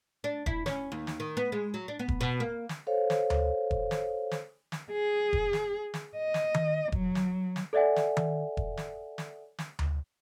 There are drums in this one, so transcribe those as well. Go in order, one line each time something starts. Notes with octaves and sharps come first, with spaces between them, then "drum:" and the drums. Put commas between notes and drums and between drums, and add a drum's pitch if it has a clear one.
D4
E4, drum: kick E1
C#4, drum: snare
D#2
drum: snare
D#3
B3
G#3
F#3
D4
B3
drum: kick E1
B2
A#3
drum: snare
A4 C5 C#5 F5
drum: snare
drum: tom D2
drum: kick E1
drum: snare
drum: snare
drum: snare
G#4
drum: kick E1
drum: snare
drum: snare
D#5
drum: snare
drum: tom D#3
F#3, drum: kick E1
drum: snare
drum: snare
A4 C#5 D5 E5 F#5 G#5
drum: snare
drum: tom D#3
drum: kick E1
drum: snare
drum: snare
drum: snare
drum: tom D2